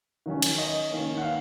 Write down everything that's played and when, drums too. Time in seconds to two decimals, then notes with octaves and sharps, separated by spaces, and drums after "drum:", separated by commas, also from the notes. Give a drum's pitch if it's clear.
0.26 D#3 F#3 C#4
0.42 drum: cymbal
0.58 D#5
0.90 D#3 A#3 C#4
1.17 F#5
1.22 F5